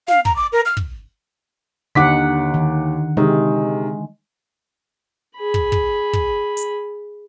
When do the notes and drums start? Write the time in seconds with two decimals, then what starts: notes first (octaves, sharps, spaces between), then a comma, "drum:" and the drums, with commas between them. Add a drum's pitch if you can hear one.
0.08 F5, drum: snare
0.25 A#5, drum: kick
0.36 D6
0.52 A#4
0.66 F6
0.77 drum: kick
1.95 D#2 D3 D#4 F#5 D6 B6
2.54 D#3
3.17 C3 D#3 G#3
5.37 G#4 B5
5.54 drum: kick
5.72 drum: kick
6.13 drum: kick
6.57 drum: hi-hat